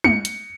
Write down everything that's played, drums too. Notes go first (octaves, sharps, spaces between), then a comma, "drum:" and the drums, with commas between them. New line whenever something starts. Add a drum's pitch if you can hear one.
C#7, drum: tom
drum: hi-hat